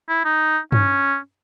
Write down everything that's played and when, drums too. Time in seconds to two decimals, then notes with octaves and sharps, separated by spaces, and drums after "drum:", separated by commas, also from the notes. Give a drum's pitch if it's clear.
0.09 E4
0.25 D#4
0.72 C#4, drum: tom G2